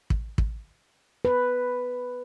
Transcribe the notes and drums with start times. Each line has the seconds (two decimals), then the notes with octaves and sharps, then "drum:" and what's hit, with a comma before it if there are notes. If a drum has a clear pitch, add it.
0.10 drum: kick
0.38 drum: kick
1.25 B4